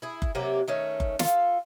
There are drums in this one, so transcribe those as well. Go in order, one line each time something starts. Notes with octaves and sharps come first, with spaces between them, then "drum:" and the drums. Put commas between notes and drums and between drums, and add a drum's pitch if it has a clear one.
E4 G#4
drum: kick F#1
C3 F#3 A#3 G4
D#3 A3 C#4
drum: kick F#1
F4 A4 F5, drum: snare